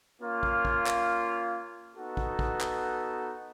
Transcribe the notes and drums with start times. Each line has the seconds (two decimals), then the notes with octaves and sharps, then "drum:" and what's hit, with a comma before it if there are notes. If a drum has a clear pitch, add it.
0.21 A#3 C#4 F4
0.43 drum: kick
0.65 drum: kick
0.87 drum: clap
1.95 B3 D#4 F#4 A4
2.17 drum: kick
2.39 drum: kick
2.61 drum: clap